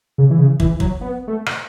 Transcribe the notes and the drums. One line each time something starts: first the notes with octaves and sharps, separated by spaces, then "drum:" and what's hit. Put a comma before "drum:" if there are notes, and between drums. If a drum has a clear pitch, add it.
C#3
E3
C#3
E3, drum: kick
F#3, drum: kick
B3
A3
drum: rim click